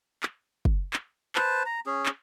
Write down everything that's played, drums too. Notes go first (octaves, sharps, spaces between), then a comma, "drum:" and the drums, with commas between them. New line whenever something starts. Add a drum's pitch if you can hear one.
drum: clap
drum: kick
drum: clap
B4 C5 A5, drum: clap
A#5
C#4 G#4
drum: clap